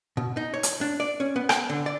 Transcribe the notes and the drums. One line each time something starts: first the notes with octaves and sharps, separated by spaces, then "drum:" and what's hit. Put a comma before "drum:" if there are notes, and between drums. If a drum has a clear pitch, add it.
B2
D#4
C#5
drum: hi-hat
D4
D5
C#4
B3
G5, drum: rim click
D3
D5